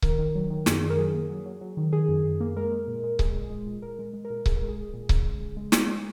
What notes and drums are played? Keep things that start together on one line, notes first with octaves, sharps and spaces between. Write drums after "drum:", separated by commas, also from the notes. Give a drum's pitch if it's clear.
D#3 A#4, drum: kick C#1
D#3
F#3
D#3
F#2 G#4, drum: snare
D#3
A#4
F#3 G#4
A#3
F#3
F#3
F#3
D#3
D#3 G#4
F#2
F#2
A#3
G#3 A#4
G#3
A#2
G#3
G#3 G#4, drum: kick C#1
A#2
G#3
A#2
A#2 A#4
G#3
G#3
A#4
A#2
A#2 G#4, drum: kick C#1
A#4
G#3
G#4
G#3
A#2
C#3, drum: kick C#1
G#3
C#3
G#3
G#3, drum: snare
G#3